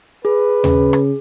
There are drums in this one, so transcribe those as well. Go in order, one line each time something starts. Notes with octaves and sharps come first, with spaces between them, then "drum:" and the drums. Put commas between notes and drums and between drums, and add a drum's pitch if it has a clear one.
G#4 B4
C#3, drum: tom D#2
drum: rim click